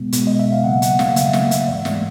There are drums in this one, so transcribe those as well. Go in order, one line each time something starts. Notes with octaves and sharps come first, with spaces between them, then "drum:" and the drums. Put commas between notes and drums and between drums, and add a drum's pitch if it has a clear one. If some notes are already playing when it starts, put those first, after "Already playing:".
Already playing: B2 G#3 B3
B2 G#3 B3, drum: hi-hat
D#5
E5
F5
C#3 F#3 A#3 F#5
F#5, drum: hi-hat
F5, drum: snare
C#3 F#3 A#3 E5, drum: hi-hat
drum: snare
E5, drum: hi-hat
G#2 E3 G#3 D5
drum: snare